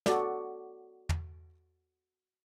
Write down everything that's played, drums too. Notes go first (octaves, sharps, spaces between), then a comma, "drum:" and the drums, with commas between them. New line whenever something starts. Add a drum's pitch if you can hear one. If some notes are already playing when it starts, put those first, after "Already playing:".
F#4 A4 D5, drum: snare
drum: tom